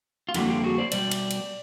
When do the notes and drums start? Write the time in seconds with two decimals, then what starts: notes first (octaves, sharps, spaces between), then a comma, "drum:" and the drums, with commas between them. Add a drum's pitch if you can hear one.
0.29 F4
0.34 F2 D3 G3 A#3 E4 F#4, drum: cymbal
0.49 F4 G4
0.64 F#4 G#4
0.78 C5 D5
0.92 B2 G3 D5, drum: cymbal
1.11 drum: cymbal
1.31 drum: cymbal